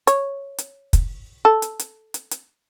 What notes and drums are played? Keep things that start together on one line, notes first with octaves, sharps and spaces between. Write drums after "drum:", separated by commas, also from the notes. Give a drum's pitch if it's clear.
C#5, drum: hi-hat
drum: hi-hat
drum: kick, hi-hat
A4
drum: hi-hat
drum: hi-hat
drum: hi-hat
drum: hi-hat